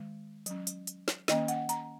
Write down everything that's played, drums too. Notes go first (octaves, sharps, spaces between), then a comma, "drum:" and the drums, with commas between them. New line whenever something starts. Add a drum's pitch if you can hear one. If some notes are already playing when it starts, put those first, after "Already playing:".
Already playing: D#3 G#3
F#3 C#4, drum: hi-hat
drum: hi-hat
drum: hi-hat
drum: snare
D#3 A#3 C#4 D#5, drum: snare
F#5, drum: hi-hat
A#5, drum: hi-hat